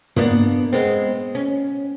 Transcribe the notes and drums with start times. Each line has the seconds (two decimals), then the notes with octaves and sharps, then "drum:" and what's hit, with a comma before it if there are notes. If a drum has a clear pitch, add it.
0.16 A#3 B3 D4, drum: tom
0.73 G#3 B3 C4
1.35 C#4